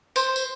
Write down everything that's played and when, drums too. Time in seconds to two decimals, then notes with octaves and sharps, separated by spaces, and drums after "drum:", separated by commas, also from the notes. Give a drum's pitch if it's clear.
0.16 C5, drum: tambourine
0.36 drum: tambourine